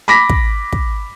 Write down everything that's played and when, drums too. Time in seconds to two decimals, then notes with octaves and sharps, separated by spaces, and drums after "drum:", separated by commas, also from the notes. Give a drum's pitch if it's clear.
0.08 B5 D6 A#6 B6
0.29 drum: kick
0.72 drum: kick